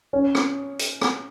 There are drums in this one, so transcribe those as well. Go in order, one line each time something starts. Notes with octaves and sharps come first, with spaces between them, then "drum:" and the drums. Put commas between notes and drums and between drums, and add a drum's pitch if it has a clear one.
C#4
drum: rim click
drum: hi-hat
drum: rim click